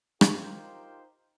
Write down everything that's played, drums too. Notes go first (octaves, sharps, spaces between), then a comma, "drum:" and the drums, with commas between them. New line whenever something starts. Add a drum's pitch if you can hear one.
D#4 F4 G4 A#4 C5, drum: rim click